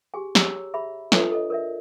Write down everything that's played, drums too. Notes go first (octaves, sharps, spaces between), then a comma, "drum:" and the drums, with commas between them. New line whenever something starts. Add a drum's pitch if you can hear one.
G4 G#4 G#5
G4 G#4 C#5 A#5 E6, drum: snare
G#4 E5 B5
D4 F4 A4 B4 C#5 E5, drum: snare
A4 D#5
A#4 D5 E5